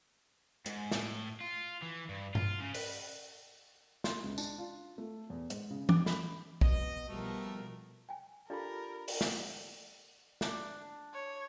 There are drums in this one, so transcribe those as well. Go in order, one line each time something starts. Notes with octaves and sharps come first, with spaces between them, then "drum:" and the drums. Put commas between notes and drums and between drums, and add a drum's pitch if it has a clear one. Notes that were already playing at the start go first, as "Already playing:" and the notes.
G#2, drum: hi-hat
A2, drum: snare
F4
E3
G2
F4, drum: tom G2
C#3
B4, drum: open hi-hat
C6, drum: snare
C#2
D4, drum: tambourine
F4
A3
E2
G#2, drum: hi-hat
C#3
D6, drum: tom
B5, drum: snare
B2 D#5, drum: kick
B2 F3 G3 A3 A#4
G5 G#5
D4 F4 G4 A4 A#4 D5 B5
drum: open hi-hat
drum: snare
D4, drum: snare
C#5